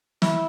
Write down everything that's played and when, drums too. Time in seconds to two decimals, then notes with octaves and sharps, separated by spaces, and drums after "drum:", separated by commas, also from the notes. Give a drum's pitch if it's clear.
0.22 E4, drum: snare